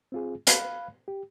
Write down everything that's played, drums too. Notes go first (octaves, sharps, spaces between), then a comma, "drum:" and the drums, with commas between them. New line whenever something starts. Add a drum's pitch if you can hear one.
C4 F4 G#4
F5 B5 F#6, drum: hi-hat
G4